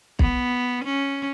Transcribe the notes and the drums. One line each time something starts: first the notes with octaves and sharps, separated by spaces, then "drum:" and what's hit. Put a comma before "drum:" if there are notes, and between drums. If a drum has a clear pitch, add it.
B3, drum: kick B1
C#4